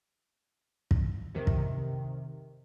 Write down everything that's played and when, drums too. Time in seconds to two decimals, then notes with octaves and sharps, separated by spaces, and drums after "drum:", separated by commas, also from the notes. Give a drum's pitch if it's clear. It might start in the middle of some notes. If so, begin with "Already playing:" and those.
0.91 drum: kick
1.35 C3 D#3
1.47 drum: kick